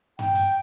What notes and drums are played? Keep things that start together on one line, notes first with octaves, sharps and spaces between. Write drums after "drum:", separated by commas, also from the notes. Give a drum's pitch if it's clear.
G5, drum: tom G2
drum: hi-hat